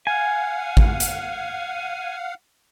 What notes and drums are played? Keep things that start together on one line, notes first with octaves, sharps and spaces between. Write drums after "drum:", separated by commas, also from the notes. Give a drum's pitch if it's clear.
F5 F#5 G#5
drum: kick G#1
drum: hi-hat